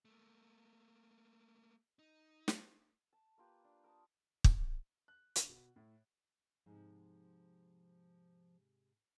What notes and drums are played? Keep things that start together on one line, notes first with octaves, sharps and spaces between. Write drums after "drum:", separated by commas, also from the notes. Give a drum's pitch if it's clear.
A3 A#3
D#4
drum: snare
A5
A#3 F4 G4 B4
D4
A#4 A5 D#6
drum: kick
F#6
D3, drum: hi-hat
B2
A2
G#2 C3 F3